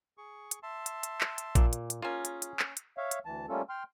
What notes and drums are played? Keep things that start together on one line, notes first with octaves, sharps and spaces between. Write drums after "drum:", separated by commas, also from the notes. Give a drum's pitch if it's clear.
G#4 C#6
drum: hi-hat
E5 A5 C6
drum: hi-hat
drum: hi-hat
drum: clap
drum: hi-hat
A#2, drum: kick A#1, hi-hat
drum: hi-hat
drum: hi-hat
A#3 C#4 F4 G#4
drum: hi-hat
drum: hi-hat
drum: clap
drum: hi-hat
C#5 E5 F5
drum: hi-hat
D2 E3 A5
G3 A3 A#3 C#4 F4 A4
G5 C6 F6